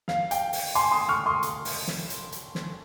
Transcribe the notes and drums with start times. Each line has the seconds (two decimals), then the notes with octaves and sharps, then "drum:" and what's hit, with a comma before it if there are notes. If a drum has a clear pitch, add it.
0.08 F5, drum: snare
0.31 G5, drum: hi-hat
0.53 drum: open hi-hat
0.75 G#5 C6, drum: hi-hat
0.91 C6 D#6
1.09 C#6 F6
1.26 C6 D#6
1.43 drum: hi-hat
1.65 drum: open hi-hat
1.88 drum: snare
2.10 drum: hi-hat
2.32 drum: hi-hat
2.55 drum: snare